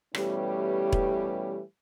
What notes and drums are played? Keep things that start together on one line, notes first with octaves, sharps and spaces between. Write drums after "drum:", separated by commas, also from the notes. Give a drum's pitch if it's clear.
B2 E3 G3 A3 C#4 G4, drum: rim click
drum: kick E1